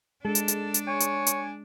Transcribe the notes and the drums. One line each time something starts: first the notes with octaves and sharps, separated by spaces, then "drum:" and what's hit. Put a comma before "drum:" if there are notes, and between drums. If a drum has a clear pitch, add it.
G#3 D4 A4
drum: hi-hat
drum: hi-hat
drum: hi-hat
C#5 G#5
drum: hi-hat
drum: hi-hat